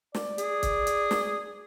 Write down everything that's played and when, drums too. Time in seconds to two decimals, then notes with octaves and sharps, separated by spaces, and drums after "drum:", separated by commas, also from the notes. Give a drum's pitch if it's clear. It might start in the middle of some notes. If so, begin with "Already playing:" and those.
0.15 D5, drum: snare
0.38 G#4, drum: hi-hat
0.63 drum: kick, hi-hat
0.87 drum: hi-hat
1.11 drum: snare